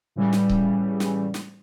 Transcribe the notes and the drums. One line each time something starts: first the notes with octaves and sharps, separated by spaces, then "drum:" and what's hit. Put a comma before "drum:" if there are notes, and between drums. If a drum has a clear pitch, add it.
A2 C#3 E3 G3
drum: snare
drum: kick C#1
drum: snare
drum: snare